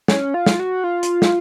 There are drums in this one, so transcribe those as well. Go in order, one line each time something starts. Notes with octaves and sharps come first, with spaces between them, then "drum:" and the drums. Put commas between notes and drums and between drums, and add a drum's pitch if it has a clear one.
C#4, drum: snare
F4
drum: snare
F#4
F4
drum: hi-hat
drum: snare